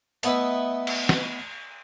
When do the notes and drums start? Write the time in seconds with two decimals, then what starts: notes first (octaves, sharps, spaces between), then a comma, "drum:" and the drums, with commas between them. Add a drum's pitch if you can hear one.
0.23 A3 B3 E4 B4 D#5 E5, drum: hi-hat
0.87 drum: cymbal
1.09 drum: snare